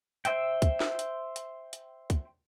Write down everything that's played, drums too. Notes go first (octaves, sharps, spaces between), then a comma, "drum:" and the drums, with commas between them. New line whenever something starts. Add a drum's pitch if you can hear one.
C5 E5 G5, drum: hi-hat
drum: kick, hi-hat
drum: snare
drum: hi-hat
drum: hi-hat
drum: hi-hat
drum: kick, hi-hat